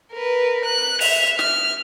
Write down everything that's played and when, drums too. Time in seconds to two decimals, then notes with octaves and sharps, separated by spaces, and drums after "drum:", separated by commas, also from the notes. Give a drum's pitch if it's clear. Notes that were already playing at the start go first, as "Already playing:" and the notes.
0.13 A#4 B4
0.65 F#6
1.01 E5 F7, drum: open hi-hat
1.39 F6, drum: snare